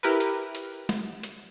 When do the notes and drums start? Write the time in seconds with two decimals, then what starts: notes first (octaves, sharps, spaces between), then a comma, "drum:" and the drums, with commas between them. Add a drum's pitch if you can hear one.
0.03 E4 G4 A#4 B4
0.20 drum: hi-hat
0.55 drum: hi-hat
0.89 drum: snare G#3
1.23 drum: hi-hat